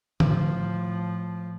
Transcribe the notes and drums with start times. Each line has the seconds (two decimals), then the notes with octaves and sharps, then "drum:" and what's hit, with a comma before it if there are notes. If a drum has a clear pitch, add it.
0.20 A2 F3, drum: tom D3